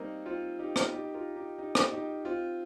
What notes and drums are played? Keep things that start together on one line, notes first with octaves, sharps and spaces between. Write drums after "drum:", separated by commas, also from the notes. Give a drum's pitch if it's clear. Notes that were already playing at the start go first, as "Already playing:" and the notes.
Already playing: G3 A#3 C4 D#4
C4 F4
D#4 G4
drum: rim click
D#4 G4
F4 A#4
D#4 G4
D#4 G4
drum: rim click
D#4 G4
C4 F4